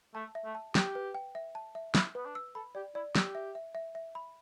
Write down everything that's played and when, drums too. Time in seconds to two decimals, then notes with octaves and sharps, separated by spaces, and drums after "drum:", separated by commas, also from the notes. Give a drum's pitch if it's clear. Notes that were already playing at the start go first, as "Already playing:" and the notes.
0.15 A3 A5
0.35 E5
0.45 A3
0.55 A5
0.75 G4 G5, drum: snare
0.95 B4
1.15 G5
1.35 E5
1.55 A5
1.75 E5
1.95 E4 G6, drum: snare
2.15 B3 B4
2.25 D4
2.35 E6
2.55 A4 B5
2.75 G4 D5
2.95 E4 D5
3.15 G4 E6, drum: snare
3.35 E5
3.55 E5
3.75 E5
3.95 E5
4.15 B5